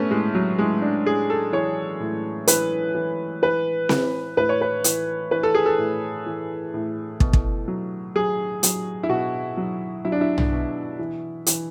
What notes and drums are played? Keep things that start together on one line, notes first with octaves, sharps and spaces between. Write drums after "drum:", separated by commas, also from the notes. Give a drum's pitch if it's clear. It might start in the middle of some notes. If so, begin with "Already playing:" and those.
Already playing: A2 A3 B3 C#4
A2 G#3
F#3
A2 G#3
D4
A2 G#4
A4
E3 C#5
A2
E3 B4, drum: hi-hat
E3
E3 B4
E3, drum: snare C4
A2 B4
C#5
B4
E3, drum: hi-hat
E3 B4
A4
G#4
A4
A2
E3
A2
B2, drum: kick
drum: kick
F#3
F#3 G#4
F#3, drum: hi-hat
E4
B2 F#4
F#3
F#3 E4
D4
E4
drum: tom
B2
E3
E3, drum: hi-hat